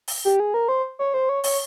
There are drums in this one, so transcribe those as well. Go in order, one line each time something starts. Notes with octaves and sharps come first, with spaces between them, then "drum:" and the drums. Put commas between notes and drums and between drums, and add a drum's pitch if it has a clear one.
drum: open hi-hat
G4
G#4
A#4
C5
C#5
C5
C#5
C#5, drum: open hi-hat